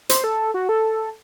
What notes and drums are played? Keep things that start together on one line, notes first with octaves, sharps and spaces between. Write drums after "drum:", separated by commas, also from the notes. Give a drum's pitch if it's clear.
C5, drum: hi-hat
A4
F#4
A4